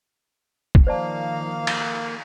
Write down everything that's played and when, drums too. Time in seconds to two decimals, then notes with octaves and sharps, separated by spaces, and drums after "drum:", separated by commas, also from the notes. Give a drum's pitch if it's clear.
0.75 drum: kick
0.87 D#3 F3 A#3 C5 D5 F5 A5
1.67 drum: cymbal